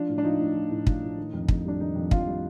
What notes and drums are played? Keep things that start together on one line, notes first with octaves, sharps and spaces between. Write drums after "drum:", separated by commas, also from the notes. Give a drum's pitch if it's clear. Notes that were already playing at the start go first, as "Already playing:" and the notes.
Already playing: F3 D4
A2
D4
F3 D#4
A2
F3
A2
F3, drum: kick
A2
D#3
F2
F2, drum: kick
G3 D4
D#3 D#4
F2
F2 F4, drum: kick
G3